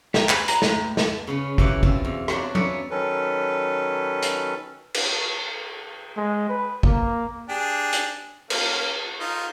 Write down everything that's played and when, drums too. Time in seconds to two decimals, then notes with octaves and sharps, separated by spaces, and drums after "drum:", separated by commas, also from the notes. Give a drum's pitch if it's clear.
0.14 G4 A#4, drum: snare
0.29 G#4 B4 B5, drum: clap
0.48 A#5, drum: hi-hat
0.62 A2, drum: snare
0.97 drum: snare
1.27 C#3 B3 C#4
1.58 F#2 E3 G4 F5 F#5, drum: kick
1.83 B2 C4 F4, drum: kick
2.05 E2
2.28 D4 F4 F#4 A#4 C5 C#5, drum: rim click
2.55 B3 C#4 A#4 C#5 D5 E5, drum: tom F#3
2.91 D#3 F#3 C#4 A4 B4
4.22 drum: hi-hat
4.94 drum: cymbal
6.17 G#3
6.49 B4
6.83 A#3, drum: kick
7.49 D4 G4 G#4
7.93 drum: hi-hat
8.50 A#3 C#4, drum: cymbal
9.20 D#4 F4